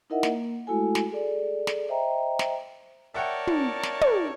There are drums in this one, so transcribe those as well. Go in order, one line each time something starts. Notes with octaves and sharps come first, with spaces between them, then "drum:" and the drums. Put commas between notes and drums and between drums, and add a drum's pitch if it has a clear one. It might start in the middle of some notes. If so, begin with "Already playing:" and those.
D#4 E4 A#4 D#5 E5 F#5
A#3, drum: snare
G#3 A3 E4 F#4 A4 G#5
drum: snare
G#4 A4 D5
drum: snare
C5 D#5 E5 G5 A#5
drum: snare
A#4 C#5 D5 E5 F#5 G5 A5
drum: tom
drum: snare
drum: tom